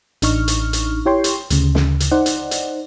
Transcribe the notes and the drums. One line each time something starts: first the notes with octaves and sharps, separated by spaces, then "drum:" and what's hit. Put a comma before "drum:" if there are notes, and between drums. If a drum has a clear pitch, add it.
A1 D4 D#4 C#6 F6, drum: hi-hat
drum: hi-hat
drum: hi-hat
E4 G4 C#5 G5 C6
drum: hi-hat
D2 C#3, drum: hi-hat
drum: snare
drum: hi-hat
D#4 C5 D5 F#5
drum: hi-hat
drum: hi-hat